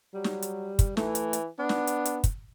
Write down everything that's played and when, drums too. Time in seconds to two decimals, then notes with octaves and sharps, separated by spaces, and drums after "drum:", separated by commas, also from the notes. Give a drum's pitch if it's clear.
0.14 F#3 G3
0.24 drum: snare
0.42 drum: hi-hat
0.79 drum: kick, hi-hat
0.97 E3 A3, drum: snare
1.15 drum: hi-hat
1.33 drum: hi-hat
1.59 B3 D4
1.69 drum: snare
1.87 drum: hi-hat
2.05 drum: hi-hat
2.24 drum: kick, hi-hat